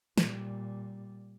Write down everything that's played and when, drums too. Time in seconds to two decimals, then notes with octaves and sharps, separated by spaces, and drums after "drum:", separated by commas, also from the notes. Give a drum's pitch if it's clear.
0.18 A#2 G3, drum: snare